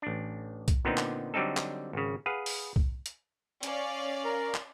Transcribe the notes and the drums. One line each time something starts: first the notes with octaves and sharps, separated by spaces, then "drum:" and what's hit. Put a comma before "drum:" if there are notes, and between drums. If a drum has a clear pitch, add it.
A1 D4
drum: kick, hi-hat
A#2 D3 B3 C4 D#4
drum: clap
D3 F#3 G3 C4 D#4 A4
drum: clap
G#1 C#3
G#4 B4 F5 F#5
drum: open hi-hat
drum: kick
drum: hi-hat
C#4 D5 F5, drum: hi-hat
A#4
drum: clap